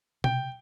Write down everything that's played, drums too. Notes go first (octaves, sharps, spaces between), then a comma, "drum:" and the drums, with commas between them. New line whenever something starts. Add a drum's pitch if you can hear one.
C3 G5, drum: tom B2